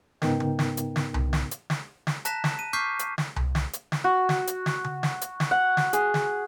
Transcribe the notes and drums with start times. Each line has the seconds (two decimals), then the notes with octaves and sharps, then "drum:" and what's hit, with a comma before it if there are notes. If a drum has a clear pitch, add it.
0.22 G#2 C#3 B3 D#4 A#4 G5, drum: snare
0.40 drum: tom C#3
0.59 drum: snare
0.77 drum: hi-hat
0.96 drum: snare
1.14 drum: tom C2
1.33 drum: snare
1.51 drum: hi-hat
1.70 drum: snare
2.07 drum: snare
2.25 A5 A#5 F#6 A#6 B6 E7, drum: hi-hat
2.44 drum: snare
2.59 D#7
2.73 C#6 D6 F6 G6 B6 C7
2.99 drum: hi-hat
3.18 drum: snare
3.36 drum: tom C2
3.55 drum: snare
3.73 drum: hi-hat
3.92 drum: snare
4.04 F#4
4.29 drum: snare
4.47 drum: hi-hat
4.66 drum: snare
4.84 drum: tom C#3
5.03 drum: snare
5.21 drum: hi-hat
5.40 drum: snare
5.51 F#5
5.77 drum: snare
5.93 G#4, drum: hi-hat
6.14 drum: snare